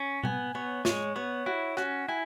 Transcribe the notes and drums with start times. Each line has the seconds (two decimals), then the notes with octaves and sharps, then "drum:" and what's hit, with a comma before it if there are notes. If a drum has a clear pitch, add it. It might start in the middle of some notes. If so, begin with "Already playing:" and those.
Already playing: C#4
0.23 B3 G#5, drum: tom B2
0.55 B3 C#5
0.85 G#3 C#5, drum: snare
1.16 B3 C#5
1.46 E4 F#4
1.77 C#4 F#4, drum: rim click
2.08 E4 G#5